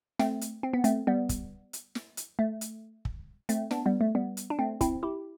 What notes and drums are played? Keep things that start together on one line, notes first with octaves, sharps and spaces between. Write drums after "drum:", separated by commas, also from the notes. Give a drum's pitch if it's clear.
A3 C4, drum: snare
drum: hi-hat
C4
B3
A3 C4, drum: hi-hat
G3 B3
drum: kick, hi-hat
drum: hi-hat
drum: snare
drum: hi-hat
A3
drum: hi-hat
drum: kick
A3 C4, drum: hi-hat
B3 D4, drum: snare
G3 B3
A3
G3 B3
drum: hi-hat
D4
A3 C4
C4 E4, drum: kick, hi-hat
E4 G4